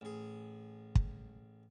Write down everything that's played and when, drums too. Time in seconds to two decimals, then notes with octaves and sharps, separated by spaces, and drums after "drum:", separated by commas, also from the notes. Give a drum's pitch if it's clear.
0.01 A1 G#4
0.95 drum: kick